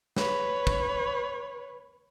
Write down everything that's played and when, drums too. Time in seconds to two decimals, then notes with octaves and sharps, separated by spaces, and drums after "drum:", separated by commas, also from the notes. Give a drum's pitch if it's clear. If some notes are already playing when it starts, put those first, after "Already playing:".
0.17 B4 C#5, drum: snare
0.67 drum: kick